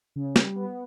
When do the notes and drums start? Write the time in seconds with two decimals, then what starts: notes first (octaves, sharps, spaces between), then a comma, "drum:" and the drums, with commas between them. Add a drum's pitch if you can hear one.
0.16 C#3
0.36 G3, drum: snare
0.55 B3